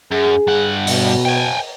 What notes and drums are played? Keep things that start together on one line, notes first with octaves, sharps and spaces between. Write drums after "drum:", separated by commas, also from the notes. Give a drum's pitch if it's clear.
F#2 G#4
G2 F#5
B2, drum: open hi-hat
G5 G#5